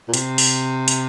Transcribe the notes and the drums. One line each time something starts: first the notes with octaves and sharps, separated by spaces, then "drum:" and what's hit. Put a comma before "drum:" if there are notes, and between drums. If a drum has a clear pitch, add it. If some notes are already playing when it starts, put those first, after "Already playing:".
A#2
C3, drum: hi-hat
drum: open hi-hat
drum: hi-hat